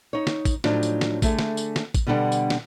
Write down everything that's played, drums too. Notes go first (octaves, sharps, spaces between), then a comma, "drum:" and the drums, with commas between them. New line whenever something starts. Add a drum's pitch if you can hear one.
D#4 C#5
drum: snare
drum: kick, tambourine
A2 F3 F#3 D4 D#4, drum: snare
drum: tambourine
drum: snare
D3 A3 G#4 E5, drum: kick, tambourine
drum: snare
drum: tambourine
drum: snare
drum: kick, tambourine
B2 D3 G3 D4 F#5
drum: tambourine
drum: snare